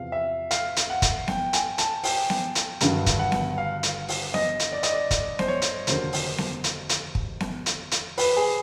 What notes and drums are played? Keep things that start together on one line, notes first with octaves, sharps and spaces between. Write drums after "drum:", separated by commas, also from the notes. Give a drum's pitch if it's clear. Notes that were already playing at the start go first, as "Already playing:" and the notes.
Already playing: E2 C3 F3 F5
E5
F5, drum: hi-hat
drum: hi-hat
F#5
drum: kick, hi-hat
G5, drum: snare B3
G#5, drum: hi-hat
A5, drum: hi-hat
G5, drum: open hi-hat
drum: snare B3
drum: hi-hat
G1 G2 D#3 F#3, drum: hi-hat
drum: kick, hi-hat
F#5
drum: snare B3
F5
drum: hi-hat
drum: open hi-hat
D#5, drum: snare B3
drum: hi-hat
D5
D#5, drum: hi-hat
D5
drum: kick, hi-hat
C5, drum: snare B3
C#5
drum: hi-hat
F1 D#2 D3 F#3 A#3 C5, drum: hi-hat
drum: open hi-hat
drum: snare B3
drum: hi-hat
drum: hi-hat
drum: kick
drum: snare B3
drum: hi-hat
drum: hi-hat
B4, drum: open hi-hat
G#4